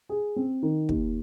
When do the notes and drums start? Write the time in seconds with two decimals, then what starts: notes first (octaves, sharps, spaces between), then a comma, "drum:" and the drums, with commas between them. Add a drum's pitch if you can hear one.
0.09 G#4
0.36 C4
0.63 D#3
0.89 D#2, drum: kick